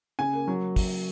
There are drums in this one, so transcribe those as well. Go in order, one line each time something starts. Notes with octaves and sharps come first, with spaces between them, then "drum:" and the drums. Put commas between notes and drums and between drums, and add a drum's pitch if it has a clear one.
C#3 G#5
A#3
F#3
drum: kick, open hi-hat